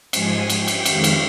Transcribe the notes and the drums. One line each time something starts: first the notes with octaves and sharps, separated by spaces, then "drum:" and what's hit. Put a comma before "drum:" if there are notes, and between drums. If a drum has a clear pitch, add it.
G#2 F3 G#3 G#5, drum: cymbal
G5, drum: cymbal
drum: cymbal
F2 D#3 G#3 F5, drum: cymbal
drum: cymbal